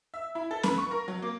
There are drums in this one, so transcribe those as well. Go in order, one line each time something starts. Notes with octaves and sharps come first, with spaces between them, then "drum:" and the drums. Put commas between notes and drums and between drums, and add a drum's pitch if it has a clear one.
E5
E4
A4
B4, drum: snare
C#6
A#4
F#3
A#3